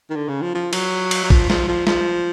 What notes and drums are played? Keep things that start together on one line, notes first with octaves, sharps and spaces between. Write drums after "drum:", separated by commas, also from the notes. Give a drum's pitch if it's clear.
D#3
D3
C#3
F3
F3
F#3, drum: cymbal
drum: cymbal
F#3
F3, drum: kick A1
F3, drum: snare
F3
F3, drum: snare